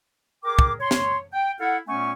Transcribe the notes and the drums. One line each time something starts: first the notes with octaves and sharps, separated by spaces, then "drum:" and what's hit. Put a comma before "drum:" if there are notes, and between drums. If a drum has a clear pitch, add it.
G#4 A#4 G5 D6
drum: kick
C#5 C6
drum: snare
G5
E4 A4 F5 F#5
A#2 A3 B3 C#4 G#5 C#6